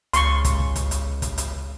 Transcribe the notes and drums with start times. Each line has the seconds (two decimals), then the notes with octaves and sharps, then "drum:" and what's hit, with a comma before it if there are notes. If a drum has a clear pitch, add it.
0.13 C#2 C6 C#6, drum: hi-hat
0.45 drum: kick, hi-hat
0.60 drum: kick
0.76 drum: kick, hi-hat
0.91 drum: hi-hat
1.22 drum: kick, hi-hat
1.38 drum: hi-hat